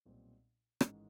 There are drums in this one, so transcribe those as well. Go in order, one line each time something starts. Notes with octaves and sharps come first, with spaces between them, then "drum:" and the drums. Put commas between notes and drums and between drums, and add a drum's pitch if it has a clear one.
B1 A#2 G3 C4
A1 G#2 D#3 G#3 C#4, drum: rim click